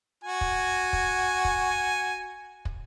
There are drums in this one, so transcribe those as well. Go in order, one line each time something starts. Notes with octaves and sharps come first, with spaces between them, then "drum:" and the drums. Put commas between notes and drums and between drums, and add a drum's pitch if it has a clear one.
F#4 G#5
drum: kick
drum: kick
drum: kick
drum: kick